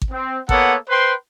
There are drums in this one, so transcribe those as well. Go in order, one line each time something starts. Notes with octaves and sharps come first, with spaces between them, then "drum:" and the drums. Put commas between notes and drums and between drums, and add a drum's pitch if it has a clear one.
drum: kick G#1
C4
A#3 B3 A4 C#5 F#5, drum: kick G#1
B4 C5 G5 C6